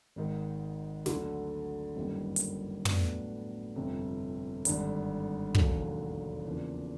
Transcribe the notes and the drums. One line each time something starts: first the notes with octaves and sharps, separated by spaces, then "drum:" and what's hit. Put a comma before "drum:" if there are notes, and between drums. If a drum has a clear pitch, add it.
G#1 G#2 D#3
D2 D3 F#3, drum: snare
G1 F#2 D#3 G3 A#3
drum: hi-hat
A2 F#3 B3 D4 F#4, drum: tom
G1 F2 C3
G#1 G2 D3, drum: hi-hat
E1 D#2 D3 F#3, drum: kick
E2 C#3 F3 A#3 D4